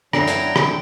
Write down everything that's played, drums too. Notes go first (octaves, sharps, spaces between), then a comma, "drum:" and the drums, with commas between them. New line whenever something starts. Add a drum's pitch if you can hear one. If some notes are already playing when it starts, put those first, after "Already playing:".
F#2 F#3 D4 E4 G5 A#5 C7 D7, drum: rim click
drum: hi-hat
drum: rim click